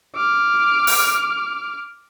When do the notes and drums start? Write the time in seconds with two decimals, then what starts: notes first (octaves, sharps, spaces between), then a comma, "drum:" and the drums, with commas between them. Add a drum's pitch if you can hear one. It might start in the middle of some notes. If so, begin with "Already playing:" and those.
0.16 D6 F6
0.87 drum: open hi-hat